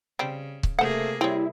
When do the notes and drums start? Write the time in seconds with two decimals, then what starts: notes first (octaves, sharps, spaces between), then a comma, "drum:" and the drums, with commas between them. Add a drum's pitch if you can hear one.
0.19 C#3 G3 C4
0.63 drum: kick C#1
0.79 C3 A3 A#3 G#4 C5 F#5
1.21 G3 C4 E4 C#5